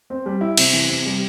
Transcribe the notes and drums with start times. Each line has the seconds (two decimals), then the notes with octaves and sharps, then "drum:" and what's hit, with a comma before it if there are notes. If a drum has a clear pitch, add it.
0.10 C4
0.26 G3
0.41 E4
0.57 C3, drum: cymbal
0.73 E3
0.89 C3
1.06 G3